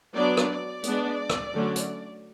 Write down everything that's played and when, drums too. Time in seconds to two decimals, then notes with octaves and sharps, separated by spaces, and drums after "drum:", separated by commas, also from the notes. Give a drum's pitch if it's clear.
0.14 F#3 B3 D4 D5
0.37 drum: rim click
0.48 D5
0.84 G#3 B3 D4, drum: hi-hat
1.30 drum: rim click
1.53 D3 F#3 A3 C#4
1.76 drum: hi-hat